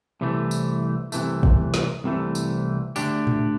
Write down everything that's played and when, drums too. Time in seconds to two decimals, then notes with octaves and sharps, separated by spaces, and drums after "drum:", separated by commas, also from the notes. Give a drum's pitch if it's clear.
0.21 C2 C3 E3 A3
0.51 drum: tambourine
1.12 C2 C3 E3 A3, drum: tambourine
1.43 drum: kick
1.74 drum: snare
2.04 C2 C3 E3 A3
2.35 drum: tambourine
2.96 D2 D3 A3 D4 G4, drum: tambourine
3.27 drum: tom A2